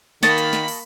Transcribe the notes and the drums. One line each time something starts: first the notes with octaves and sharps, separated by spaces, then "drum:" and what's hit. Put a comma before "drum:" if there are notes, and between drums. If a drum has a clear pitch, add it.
D#3 A#3 F#4 D#5 A5 B5, drum: snare
drum: hi-hat
drum: snare
drum: open hi-hat